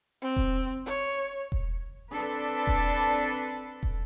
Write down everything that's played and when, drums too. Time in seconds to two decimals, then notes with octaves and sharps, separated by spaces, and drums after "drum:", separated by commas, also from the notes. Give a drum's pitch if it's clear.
0.22 C4
0.36 drum: kick E1
0.86 C#5
1.52 drum: kick E1
2.10 C4 D4 A4 B4
2.67 drum: kick E1
3.83 drum: kick E1